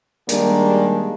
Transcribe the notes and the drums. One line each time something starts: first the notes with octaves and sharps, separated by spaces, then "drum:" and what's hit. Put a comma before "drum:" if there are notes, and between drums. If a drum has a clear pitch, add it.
D#3 G3 G#3 A#3 D4, drum: hi-hat